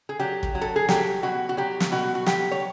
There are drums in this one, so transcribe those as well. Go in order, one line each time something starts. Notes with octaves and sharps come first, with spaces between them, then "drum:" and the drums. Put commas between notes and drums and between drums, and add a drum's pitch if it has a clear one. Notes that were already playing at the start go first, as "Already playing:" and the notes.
G#4
F#3 G4
drum: kick
F#3
A4
G#4
F#3 G4, drum: snare
B2 F#4
F#4
F#3 G4
drum: snare
B2 F#4
F#4
F#3 G4, drum: snare
C#5